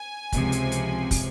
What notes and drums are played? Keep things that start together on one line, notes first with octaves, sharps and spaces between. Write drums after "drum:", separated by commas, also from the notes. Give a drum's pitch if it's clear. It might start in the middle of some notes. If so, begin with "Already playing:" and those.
Already playing: G#5
C#2 C3 F3, drum: kick, hi-hat
drum: hi-hat
drum: hi-hat
drum: kick, open hi-hat